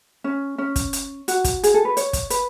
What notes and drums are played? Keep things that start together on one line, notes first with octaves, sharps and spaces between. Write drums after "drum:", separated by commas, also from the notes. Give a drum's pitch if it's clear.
C#4
C#4
drum: kick, hi-hat
drum: hi-hat
F#4, drum: hi-hat
drum: kick, hi-hat
G#4, drum: hi-hat
A4
B4
C#5, drum: hi-hat
drum: kick, hi-hat
B4, drum: hi-hat